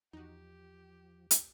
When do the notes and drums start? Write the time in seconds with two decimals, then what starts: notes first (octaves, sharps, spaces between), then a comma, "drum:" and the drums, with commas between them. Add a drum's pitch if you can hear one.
0.13 E2 F3 D#4 F#4 G4
1.31 drum: hi-hat